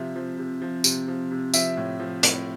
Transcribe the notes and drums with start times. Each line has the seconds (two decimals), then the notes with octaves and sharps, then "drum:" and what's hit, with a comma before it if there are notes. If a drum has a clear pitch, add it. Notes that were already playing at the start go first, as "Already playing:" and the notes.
Already playing: C3 F3 E5
0.16 F3
0.38 C3
0.62 F3
0.84 C3, drum: tambourine
1.08 F3
1.31 C3
1.54 F3 E5, drum: tambourine
1.77 A2
2.00 F3
2.23 A2, drum: hi-hat